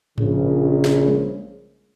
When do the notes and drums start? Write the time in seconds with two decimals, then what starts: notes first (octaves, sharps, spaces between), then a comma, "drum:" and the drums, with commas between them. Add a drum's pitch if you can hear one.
0.18 A#1 C#3, drum: tom G#2
0.85 drum: snare
1.08 drum: tom G3